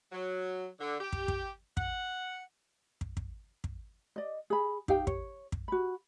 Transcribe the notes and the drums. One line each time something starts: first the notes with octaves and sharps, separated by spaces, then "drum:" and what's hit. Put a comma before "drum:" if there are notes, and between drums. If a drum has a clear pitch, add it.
F#3
D3
G4
drum: kick
drum: kick
F#5, drum: kick
drum: kick
drum: kick
drum: kick
D5 D#5
G#4 B5
D#4 G4 F5 G5, drum: kick
C#5, drum: kick
drum: kick
F#4 B5